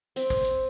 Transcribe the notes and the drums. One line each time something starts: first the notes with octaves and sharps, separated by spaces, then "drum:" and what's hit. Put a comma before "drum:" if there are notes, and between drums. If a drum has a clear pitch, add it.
C4, drum: hi-hat
drum: kick, open hi-hat
drum: hi-hat